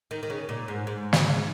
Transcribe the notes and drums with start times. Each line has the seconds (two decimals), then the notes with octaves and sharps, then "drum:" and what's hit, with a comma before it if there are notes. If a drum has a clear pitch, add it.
0.11 D#3
0.23 D#3
0.30 C#3
0.49 A#2
0.68 G#2
0.87 G#2
1.13 drum: snare